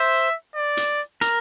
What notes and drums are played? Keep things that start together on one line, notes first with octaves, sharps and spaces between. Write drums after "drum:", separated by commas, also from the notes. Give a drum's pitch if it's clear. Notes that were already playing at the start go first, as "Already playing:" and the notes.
Already playing: C5 E5
D5
drum: hi-hat
A#4, drum: hi-hat